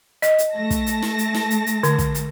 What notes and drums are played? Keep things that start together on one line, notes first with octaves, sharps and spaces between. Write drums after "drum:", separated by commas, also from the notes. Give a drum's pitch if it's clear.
D#5, drum: hi-hat
drum: hi-hat
A3 A5 A#6
drum: kick, hi-hat
drum: hi-hat
drum: snare
drum: hi-hat
drum: snare
drum: hi-hat
drum: hi-hat
D3, drum: hi-hat
drum: kick, hi-hat
drum: hi-hat